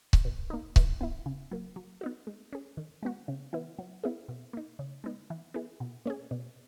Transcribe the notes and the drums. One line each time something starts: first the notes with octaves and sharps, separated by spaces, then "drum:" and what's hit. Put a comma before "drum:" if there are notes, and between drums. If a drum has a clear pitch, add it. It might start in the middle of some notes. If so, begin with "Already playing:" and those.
drum: kick C#1
B2
A#3 D#4
E3, drum: kick C#1
B3 E4
C#3
F#3 A#3
F#3
B3 D#4 F#4
G#3
C#4 G#4
D#3
G#3 B3 F#4
C#3
E3 B3 E4
F#3
B3 E4 G#4
B2
A#3 D#4
C#3
G#3 B3 D#4
E3
B3 E4 G#4
B2
A#3 C#4 G#4
B2